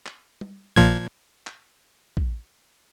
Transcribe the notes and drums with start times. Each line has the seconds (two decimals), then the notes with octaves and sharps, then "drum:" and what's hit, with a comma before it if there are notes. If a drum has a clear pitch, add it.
0.06 drum: clap
0.41 drum: tom G3
0.76 A#2 F3 G#6, drum: kick
1.47 drum: clap
2.17 drum: kick